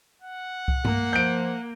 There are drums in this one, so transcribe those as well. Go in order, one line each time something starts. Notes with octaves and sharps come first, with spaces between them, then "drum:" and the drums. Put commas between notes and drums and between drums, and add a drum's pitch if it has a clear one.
F#5
drum: kick C2
A#3, drum: tom G2
F3 G6 D7